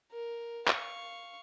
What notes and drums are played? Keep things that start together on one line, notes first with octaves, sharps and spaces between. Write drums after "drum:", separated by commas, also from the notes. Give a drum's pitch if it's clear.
A#4
F5 C#6, drum: clap